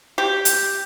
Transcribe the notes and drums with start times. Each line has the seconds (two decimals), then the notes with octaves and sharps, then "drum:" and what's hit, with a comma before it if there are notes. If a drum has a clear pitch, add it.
0.18 G4
0.45 drum: hi-hat